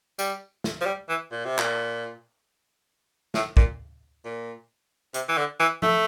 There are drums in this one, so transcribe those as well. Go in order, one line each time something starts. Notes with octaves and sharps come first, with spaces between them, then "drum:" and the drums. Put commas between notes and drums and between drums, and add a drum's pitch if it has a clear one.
G3, drum: tambourine
drum: snare
F3
G3
E3
A#2
C3
A#2, drum: clap
A2, drum: snare
A#2, drum: kick
A#2
C3, drum: hi-hat
E3
D3
E3
A3, drum: tom F3